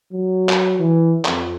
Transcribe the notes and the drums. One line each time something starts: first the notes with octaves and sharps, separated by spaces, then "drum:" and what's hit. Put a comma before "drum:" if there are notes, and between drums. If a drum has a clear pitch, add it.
F#3
drum: clap
E3
F2, drum: clap